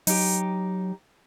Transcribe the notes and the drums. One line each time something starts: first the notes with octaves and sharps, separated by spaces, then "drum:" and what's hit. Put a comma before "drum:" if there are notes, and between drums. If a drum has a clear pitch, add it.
F#3 D#4 G4, drum: open hi-hat